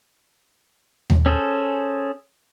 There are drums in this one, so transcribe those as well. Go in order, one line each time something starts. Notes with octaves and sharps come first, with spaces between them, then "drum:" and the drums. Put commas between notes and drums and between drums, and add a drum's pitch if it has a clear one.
drum: tom D#2
C#4 G#4 A4 C5